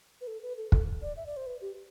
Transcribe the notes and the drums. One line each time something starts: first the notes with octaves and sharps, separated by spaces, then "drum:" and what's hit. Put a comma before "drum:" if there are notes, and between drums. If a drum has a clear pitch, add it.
B4
A4
B4
A4
A4, drum: kick
D5
E5
D5
C5
B4
G4